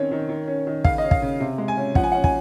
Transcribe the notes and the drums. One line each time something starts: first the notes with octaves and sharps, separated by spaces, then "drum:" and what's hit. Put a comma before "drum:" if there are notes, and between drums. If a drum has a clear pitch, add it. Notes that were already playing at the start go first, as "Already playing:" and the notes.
Already playing: D#3 C4 C#4 C#5
D#3
D#3
C#4
D#3
C#3 F5, drum: kick
D#5
C#4
F5, drum: kick
C#3
C3
G#3
G#5
C#4
F3 F#5, drum: kick
G#5
C#4 F#5
G#5, drum: kick